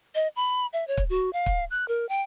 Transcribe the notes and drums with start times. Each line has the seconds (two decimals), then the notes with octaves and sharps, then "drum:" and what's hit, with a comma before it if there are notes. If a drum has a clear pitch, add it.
0.15 D#5
0.36 B5
0.73 E5
0.88 C#5
0.97 drum: kick
1.10 F#4
1.33 F5
1.46 drum: kick
1.70 F#6
1.88 A#4
2.09 G5